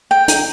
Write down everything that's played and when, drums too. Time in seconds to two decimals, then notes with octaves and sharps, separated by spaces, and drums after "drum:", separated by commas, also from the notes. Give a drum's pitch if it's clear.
0.11 G5
0.28 drum: hi-hat